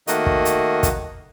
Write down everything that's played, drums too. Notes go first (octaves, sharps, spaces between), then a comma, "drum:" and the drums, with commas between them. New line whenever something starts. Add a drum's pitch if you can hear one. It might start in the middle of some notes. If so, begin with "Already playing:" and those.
D#3 A3 A#3 F#4 D#5, drum: hi-hat
drum: kick
drum: hi-hat
drum: kick, hi-hat